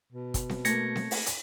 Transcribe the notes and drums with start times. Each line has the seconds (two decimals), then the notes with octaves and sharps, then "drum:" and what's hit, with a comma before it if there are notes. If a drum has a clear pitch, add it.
0.13 B2
0.34 drum: kick, hi-hat
0.49 drum: snare C4
0.65 A3 A#3 G#6 A#6 C#7, drum: hi-hat
0.96 drum: snare C4
1.11 drum: open hi-hat
1.26 drum: hi-hat